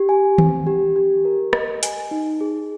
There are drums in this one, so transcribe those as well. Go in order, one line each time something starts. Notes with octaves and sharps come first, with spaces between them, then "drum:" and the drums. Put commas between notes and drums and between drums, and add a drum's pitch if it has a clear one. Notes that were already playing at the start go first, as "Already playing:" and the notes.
Already playing: G4
G#5
C4, drum: tom D#3
G4
G4
A#4
D#5, drum: rim click
G#5, drum: hi-hat
D#4
G#4